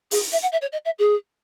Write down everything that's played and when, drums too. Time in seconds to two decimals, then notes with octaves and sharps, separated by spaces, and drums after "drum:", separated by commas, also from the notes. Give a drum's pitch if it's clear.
0.11 G#4, drum: open hi-hat
0.32 E5
0.42 F#5
0.52 E5
0.61 C#5
0.72 D#5
0.85 E5
0.99 G#4